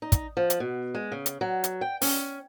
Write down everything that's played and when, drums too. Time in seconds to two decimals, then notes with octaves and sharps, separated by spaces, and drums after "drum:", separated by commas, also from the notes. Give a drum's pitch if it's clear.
0.02 D#4
0.12 drum: kick, hi-hat
0.37 F3
0.50 drum: hi-hat
0.60 B2
0.95 G#3
1.12 C#3
1.26 drum: hi-hat
1.41 F#3
1.64 drum: hi-hat
1.81 G5
2.02 C#4, drum: open hi-hat